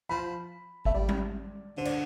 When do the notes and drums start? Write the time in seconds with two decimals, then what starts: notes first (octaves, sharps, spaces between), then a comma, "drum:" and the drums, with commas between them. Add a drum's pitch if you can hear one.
0.09 F3 B5
0.85 A3 E5, drum: kick G#1
0.94 G3 D5
1.09 drum: tom G3
1.77 D3 C5
1.85 D5, drum: cymbal